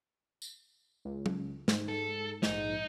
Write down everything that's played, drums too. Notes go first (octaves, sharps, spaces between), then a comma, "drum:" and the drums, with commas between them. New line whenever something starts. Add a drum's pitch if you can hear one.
drum: tambourine
C#2
drum: tom
G#2, drum: snare
A4
A#1 G#2 D#4, drum: snare